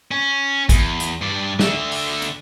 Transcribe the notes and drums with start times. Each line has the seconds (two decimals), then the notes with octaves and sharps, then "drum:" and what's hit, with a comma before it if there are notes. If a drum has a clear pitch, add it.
0.11 C#4
0.69 E2, drum: kick A1, hi-hat
1.00 drum: hi-hat
1.22 G2 D5
1.59 D3 E5, drum: snare
1.92 drum: open hi-hat
2.22 drum: hi-hat